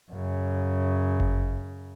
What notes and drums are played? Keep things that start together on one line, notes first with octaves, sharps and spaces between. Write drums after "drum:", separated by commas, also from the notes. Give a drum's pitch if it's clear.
F#2 C#3
drum: kick G1